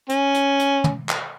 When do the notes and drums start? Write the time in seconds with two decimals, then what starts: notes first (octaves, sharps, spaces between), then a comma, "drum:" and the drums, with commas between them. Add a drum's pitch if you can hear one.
0.09 C#4, drum: hi-hat
0.34 drum: hi-hat
0.59 drum: hi-hat
0.84 drum: tom
1.09 drum: clap